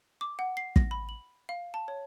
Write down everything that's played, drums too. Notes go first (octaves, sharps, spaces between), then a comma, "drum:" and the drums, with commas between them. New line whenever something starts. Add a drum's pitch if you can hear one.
D6
F#5
C7
A#6, drum: kick
B5
F#7
F5
A5
C#5